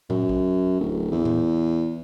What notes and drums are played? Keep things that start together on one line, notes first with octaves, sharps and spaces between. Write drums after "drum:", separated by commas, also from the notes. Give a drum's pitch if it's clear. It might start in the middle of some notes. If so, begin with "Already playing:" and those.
F#2, drum: tom A#2
drum: kick A#1
D1
E2
drum: tom A#2